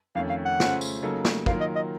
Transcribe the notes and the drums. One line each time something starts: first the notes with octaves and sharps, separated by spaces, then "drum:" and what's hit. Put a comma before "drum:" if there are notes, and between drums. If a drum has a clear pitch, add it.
F2 D#3 A3 C#4 F5
F5
F#5
C#3 A3 C#4 F4 C5, drum: snare
drum: tambourine
C#3 F#3 A#3 D#4 A4
drum: snare
D#3 F#3 A#3 F4 A#4 F5, drum: kick
D#5
D#5